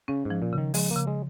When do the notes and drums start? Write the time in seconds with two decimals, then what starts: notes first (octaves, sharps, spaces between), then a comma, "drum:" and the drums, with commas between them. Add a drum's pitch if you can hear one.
0.08 C#3 C#4
0.25 G#2
0.30 F3
0.42 A#2
0.53 C#3
0.58 D#3
0.74 F3 G#3, drum: open hi-hat
0.91 A#3
0.96 C#3
1.07 G#3